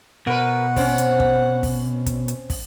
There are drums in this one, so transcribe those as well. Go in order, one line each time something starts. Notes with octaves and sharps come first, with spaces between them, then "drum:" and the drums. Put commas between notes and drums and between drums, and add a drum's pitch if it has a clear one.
B2 A#4 B4 F#5
C4 C#4, drum: kick, open hi-hat
drum: hi-hat
drum: kick
drum: kick, open hi-hat
drum: kick, hi-hat
drum: hi-hat
drum: kick, open hi-hat